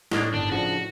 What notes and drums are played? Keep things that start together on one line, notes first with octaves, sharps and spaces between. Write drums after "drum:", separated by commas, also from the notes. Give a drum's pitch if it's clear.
A2 G#3 A#3 D4 D#4 A#4, drum: snare
G1 D4 G5
C#3 F3 D4 F#4